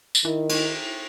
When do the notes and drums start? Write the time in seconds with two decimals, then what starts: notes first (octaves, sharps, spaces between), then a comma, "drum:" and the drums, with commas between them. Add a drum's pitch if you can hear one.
0.15 drum: tambourine
0.25 D#3 E4
0.49 drum: cymbal